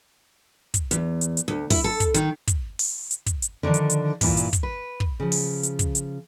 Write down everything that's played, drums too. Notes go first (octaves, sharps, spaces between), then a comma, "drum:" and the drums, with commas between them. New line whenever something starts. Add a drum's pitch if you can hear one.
drum: kick, hi-hat
E2, drum: hi-hat
drum: hi-hat
drum: hi-hat
D2
E4, drum: kick, open hi-hat
A4
drum: kick, hi-hat
D#3, drum: hi-hat
drum: kick, hi-hat
drum: open hi-hat
drum: hi-hat
drum: kick, hi-hat
drum: hi-hat
D3 D#3 F3 D4
drum: hi-hat
drum: hi-hat
G2 A#2 E3 D4 E4 F4, drum: kick, open hi-hat
drum: hi-hat
drum: kick, hi-hat
B4
drum: kick
C#3 F3
drum: open hi-hat
drum: hi-hat
drum: kick, hi-hat
drum: hi-hat